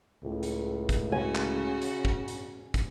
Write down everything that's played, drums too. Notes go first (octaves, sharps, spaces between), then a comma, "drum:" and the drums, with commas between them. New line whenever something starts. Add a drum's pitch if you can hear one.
C#2 A2
drum: hi-hat
drum: kick, hi-hat
C#3 F#4 G#5
drum: clap
drum: hi-hat
drum: kick
drum: hi-hat
drum: kick, hi-hat